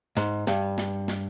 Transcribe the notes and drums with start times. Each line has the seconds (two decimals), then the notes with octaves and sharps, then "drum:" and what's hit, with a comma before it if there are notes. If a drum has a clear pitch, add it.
0.17 G#2, drum: snare
0.47 G2, drum: snare
0.78 drum: snare
1.08 drum: snare